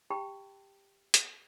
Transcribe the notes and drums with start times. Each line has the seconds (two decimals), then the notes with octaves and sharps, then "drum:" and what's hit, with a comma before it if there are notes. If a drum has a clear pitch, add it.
0.10 G4 G5 A5 B5
1.14 drum: hi-hat